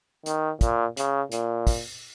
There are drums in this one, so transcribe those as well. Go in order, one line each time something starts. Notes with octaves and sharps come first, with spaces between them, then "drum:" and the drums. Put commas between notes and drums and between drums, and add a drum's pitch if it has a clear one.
D#3, drum: hi-hat
A#2, drum: kick, hi-hat
C#3, drum: hi-hat
A#2, drum: hi-hat
drum: kick, open hi-hat